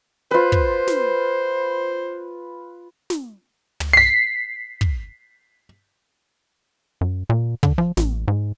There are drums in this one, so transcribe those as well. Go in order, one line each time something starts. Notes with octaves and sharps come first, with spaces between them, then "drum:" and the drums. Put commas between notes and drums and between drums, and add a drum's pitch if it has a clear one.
F4 B4 C5
drum: kick
drum: snare
drum: snare
drum: tom
B6 C7
drum: kick
F#2
A#2
D3, drum: kick
F3
A1, drum: snare
G#2